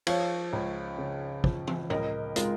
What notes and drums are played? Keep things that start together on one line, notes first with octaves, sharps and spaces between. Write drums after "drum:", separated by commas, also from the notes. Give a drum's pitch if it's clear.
F3 C#5 F5, drum: cymbal
C#2
C#3
F3, drum: kick
drum: tom
C#2 A#4 D#5, drum: tom
G#3 F4 A#4, drum: hi-hat